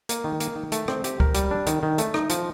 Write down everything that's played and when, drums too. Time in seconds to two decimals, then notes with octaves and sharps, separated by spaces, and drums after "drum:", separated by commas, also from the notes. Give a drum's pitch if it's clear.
0.09 A#3, drum: hi-hat
0.24 D#3
0.40 A#3, drum: hi-hat
0.56 D#3
0.72 A3, drum: hi-hat
0.88 C4, drum: rim click
1.04 G4, drum: hi-hat
1.20 A#4, drum: kick
1.35 G3, drum: hi-hat
1.51 D4
1.67 D#3, drum: hi-hat
1.83 D#3
1.98 A3, drum: hi-hat
2.14 D#4, drum: rim click
2.30 F3, drum: hi-hat